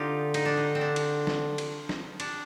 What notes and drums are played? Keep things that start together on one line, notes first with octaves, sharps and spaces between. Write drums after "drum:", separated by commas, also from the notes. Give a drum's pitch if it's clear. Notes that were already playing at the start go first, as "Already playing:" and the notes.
Already playing: D3 C4 D#4 F4 G4
D#4, drum: cymbal
D4
D#4
C4
D4
drum: cymbal
drum: snare
drum: cymbal
drum: snare
D4, drum: cymbal